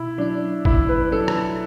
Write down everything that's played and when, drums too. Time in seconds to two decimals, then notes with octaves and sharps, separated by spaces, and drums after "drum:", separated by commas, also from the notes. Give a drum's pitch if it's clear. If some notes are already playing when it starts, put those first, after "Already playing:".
Already playing: B2 E4
0.18 F#3 C#4 D4
0.65 B2 E4, drum: kick G#1
0.89 B4
1.12 F#3 C#4 A4
1.28 drum: rim click